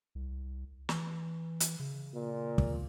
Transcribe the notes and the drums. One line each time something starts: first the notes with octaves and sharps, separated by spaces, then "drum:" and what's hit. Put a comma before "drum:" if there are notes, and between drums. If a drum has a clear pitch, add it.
C2
E3, drum: snare
drum: hi-hat
C#3
A#2
drum: kick